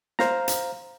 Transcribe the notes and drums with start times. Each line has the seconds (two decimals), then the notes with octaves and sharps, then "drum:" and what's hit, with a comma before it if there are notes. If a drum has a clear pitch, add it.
0.19 C5 F5 A#5, drum: snare
0.48 drum: hi-hat